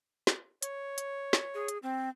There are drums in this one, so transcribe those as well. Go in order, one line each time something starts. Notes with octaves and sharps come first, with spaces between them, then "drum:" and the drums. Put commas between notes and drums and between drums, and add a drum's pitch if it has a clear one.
drum: snare
C#5, drum: hi-hat
drum: hi-hat
drum: snare
G#4
drum: hi-hat
C4